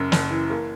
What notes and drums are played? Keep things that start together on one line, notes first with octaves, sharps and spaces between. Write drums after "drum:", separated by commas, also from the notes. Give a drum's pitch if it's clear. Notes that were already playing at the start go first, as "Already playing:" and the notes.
Already playing: F#1 F#2
F#1, drum: snare
E3
A#3